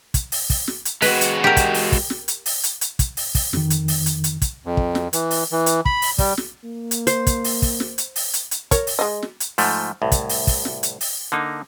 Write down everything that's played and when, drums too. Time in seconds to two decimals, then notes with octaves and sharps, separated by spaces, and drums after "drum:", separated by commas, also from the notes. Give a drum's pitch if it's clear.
0.14 drum: kick, hi-hat
0.32 drum: open hi-hat
0.50 drum: kick, open hi-hat
0.67 drum: snare
0.85 drum: hi-hat
1.02 G#3 F#4 B4, drum: open hi-hat
1.21 drum: hi-hat
1.44 G4 A#4
1.57 drum: kick, hi-hat
1.74 drum: open hi-hat
1.92 drum: kick, open hi-hat
2.10 drum: snare
2.28 drum: hi-hat
2.46 drum: open hi-hat
2.63 drum: hi-hat
2.81 drum: hi-hat
2.99 drum: kick, hi-hat
3.17 drum: open hi-hat
3.35 drum: kick, open hi-hat
3.53 F2 D#3, drum: snare
3.70 drum: hi-hat
3.88 drum: open hi-hat
4.06 drum: hi-hat
4.24 drum: hi-hat
4.42 drum: kick, hi-hat
4.66 F2
4.77 drum: kick
4.95 drum: snare
5.13 E3, drum: hi-hat
5.31 drum: open hi-hat
5.52 E3
5.66 drum: hi-hat
5.85 B5, drum: kick
6.02 drum: open hi-hat
6.18 G3, drum: kick, open hi-hat
6.37 drum: snare
6.64 A#3
6.91 drum: hi-hat
7.07 C5, drum: hi-hat
7.27 drum: kick, hi-hat
7.44 drum: open hi-hat
7.62 drum: kick, open hi-hat
7.80 drum: snare
7.98 drum: hi-hat
8.16 drum: open hi-hat
8.33 drum: hi-hat
8.51 drum: hi-hat
8.71 A#4 C#5, drum: kick, hi-hat
8.87 drum: open hi-hat
8.99 G#3 D#5
9.22 drum: snare
9.40 drum: hi-hat
9.58 G#2 F3 A3, drum: open hi-hat
10.02 C2 A2
10.12 drum: kick, hi-hat
10.29 drum: open hi-hat
10.47 drum: kick, open hi-hat
10.65 drum: snare
10.83 drum: hi-hat
11.01 drum: open hi-hat
11.32 D3 A#3 D#4